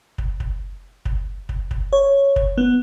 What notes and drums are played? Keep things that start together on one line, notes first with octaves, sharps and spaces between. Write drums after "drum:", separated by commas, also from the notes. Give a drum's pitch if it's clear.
drum: kick
drum: kick
drum: kick
drum: kick
drum: kick
C#5
drum: kick
B3